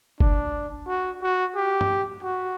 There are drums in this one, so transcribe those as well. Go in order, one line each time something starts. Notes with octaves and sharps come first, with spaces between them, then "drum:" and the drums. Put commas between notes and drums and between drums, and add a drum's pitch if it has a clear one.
D4, drum: kick
F#4
F#4
G4
drum: tom
F#4